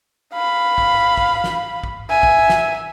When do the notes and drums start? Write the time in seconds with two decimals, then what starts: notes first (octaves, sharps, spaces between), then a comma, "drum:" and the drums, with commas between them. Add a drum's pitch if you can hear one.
0.34 F5 B5
0.78 drum: kick
1.17 drum: kick
1.44 drum: snare
1.84 drum: kick
2.10 E5 G#5
2.23 drum: kick
2.50 drum: snare